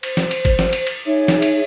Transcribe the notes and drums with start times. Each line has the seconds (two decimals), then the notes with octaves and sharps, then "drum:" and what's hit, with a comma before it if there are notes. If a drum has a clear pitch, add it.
0.03 C5, drum: cymbal
0.17 drum: snare
0.31 drum: cymbal
0.45 drum: kick G#1, cymbal
0.59 drum: snare
0.73 drum: cymbal
0.87 drum: cymbal
1.06 D#4 G#4 C#5 E5
1.28 drum: snare
1.42 drum: cymbal